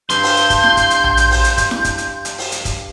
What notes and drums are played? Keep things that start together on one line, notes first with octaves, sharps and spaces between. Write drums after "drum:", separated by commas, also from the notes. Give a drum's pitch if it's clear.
G2 C6 G6, drum: hi-hat
drum: open hi-hat
drum: hi-hat
drum: kick, hi-hat
drum: snare E4
drum: kick, hi-hat
drum: hi-hat
drum: tom A#1
drum: hi-hat
drum: open hi-hat
drum: hi-hat
drum: kick, hi-hat
drum: snare E4
drum: kick, hi-hat
drum: hi-hat
drum: hi-hat
drum: open hi-hat
drum: hi-hat
drum: kick, hi-hat